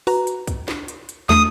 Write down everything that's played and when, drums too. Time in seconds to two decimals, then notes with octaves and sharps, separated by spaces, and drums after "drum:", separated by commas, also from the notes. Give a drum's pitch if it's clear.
0.07 F#4 B4 A#5, drum: open hi-hat
0.27 drum: hi-hat
0.47 drum: kick, hi-hat
0.68 drum: snare
0.88 drum: hi-hat
1.09 drum: hi-hat
1.29 E2 A3 D#6, drum: snare